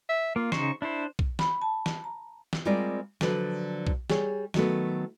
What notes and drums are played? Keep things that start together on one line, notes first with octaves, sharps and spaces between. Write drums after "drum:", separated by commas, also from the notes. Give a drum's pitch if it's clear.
E5
A#3 F4
C#3 D#4 C5 C#6, drum: snare
D4 E4 C5
drum: kick B1
B5, drum: snare
A5
drum: snare
A#5
drum: snare
G3 G#3 C4 F4 A#4 D5
D3 F3 F#3 B4, drum: snare
drum: kick B1
G3 G#4 C#5, drum: snare
D#3 F#3 A3 B3, drum: snare